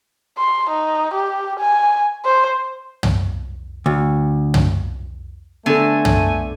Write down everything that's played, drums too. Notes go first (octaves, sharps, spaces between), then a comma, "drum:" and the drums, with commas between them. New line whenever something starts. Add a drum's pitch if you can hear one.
C6
D#4
G4
G#5
C5
drum: tom
D2
drum: tom
D3 A3 B3 A4 G#5
drum: tom